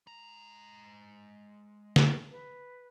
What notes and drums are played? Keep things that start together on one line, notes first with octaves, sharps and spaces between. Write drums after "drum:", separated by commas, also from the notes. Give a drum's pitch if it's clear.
G#3 A#5
drum: snare
B4